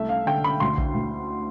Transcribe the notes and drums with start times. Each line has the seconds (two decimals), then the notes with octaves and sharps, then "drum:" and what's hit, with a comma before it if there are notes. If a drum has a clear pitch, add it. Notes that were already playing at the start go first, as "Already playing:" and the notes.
Already playing: C2 A3 E5
0.09 F5
0.26 D3 G5
0.44 B5
0.60 D2 C6
0.78 drum: kick A#1
0.94 D2